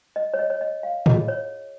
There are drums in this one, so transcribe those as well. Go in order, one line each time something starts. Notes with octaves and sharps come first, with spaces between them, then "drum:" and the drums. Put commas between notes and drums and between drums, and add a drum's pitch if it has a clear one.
D#5
C#5
D#5
C#5
D#5
F5
F4 G#4 C#5 D#5, drum: tom A2
C#5